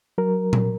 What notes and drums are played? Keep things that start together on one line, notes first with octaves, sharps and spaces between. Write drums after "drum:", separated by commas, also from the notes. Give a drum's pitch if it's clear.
F#3 A#4
drum: tom A#2